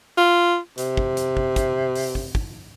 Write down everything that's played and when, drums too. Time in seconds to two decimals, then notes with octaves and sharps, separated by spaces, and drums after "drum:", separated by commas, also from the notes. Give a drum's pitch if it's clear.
0.18 F4
0.78 C3, drum: hi-hat
0.97 drum: kick
1.17 drum: hi-hat
1.37 drum: kick
1.56 drum: kick, hi-hat
1.96 drum: open hi-hat
2.15 drum: kick
2.35 drum: kick